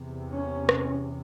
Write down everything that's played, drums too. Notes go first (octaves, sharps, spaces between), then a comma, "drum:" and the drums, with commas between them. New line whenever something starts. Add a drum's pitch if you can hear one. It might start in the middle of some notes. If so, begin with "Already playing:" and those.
Already playing: E2 C3
C#4
drum: rim click